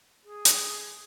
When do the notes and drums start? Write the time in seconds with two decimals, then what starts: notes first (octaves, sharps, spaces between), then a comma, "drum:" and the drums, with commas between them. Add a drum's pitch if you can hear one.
0.24 G#4
0.45 drum: hi-hat